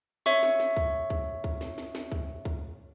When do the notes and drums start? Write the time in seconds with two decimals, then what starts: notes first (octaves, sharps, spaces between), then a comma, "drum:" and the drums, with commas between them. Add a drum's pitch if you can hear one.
0.26 C#5 E5 C#6, drum: snare
0.43 drum: snare
0.60 drum: snare
0.77 drum: kick
1.10 drum: kick
1.44 drum: kick
1.61 drum: snare
1.78 drum: snare
1.95 drum: snare
2.12 drum: kick
2.45 drum: kick